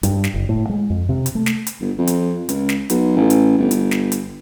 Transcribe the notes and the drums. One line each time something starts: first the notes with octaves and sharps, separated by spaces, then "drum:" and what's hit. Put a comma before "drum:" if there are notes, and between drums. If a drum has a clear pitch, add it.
G2, drum: hi-hat
drum: snare
F#1
A2
G#3
F2
C3
drum: hi-hat
A3
drum: snare
drum: hi-hat
G1
F2
drum: hi-hat
C#2, drum: hi-hat
drum: snare
B1, drum: hi-hat
A1
drum: hi-hat
G1
drum: hi-hat
drum: snare
drum: hi-hat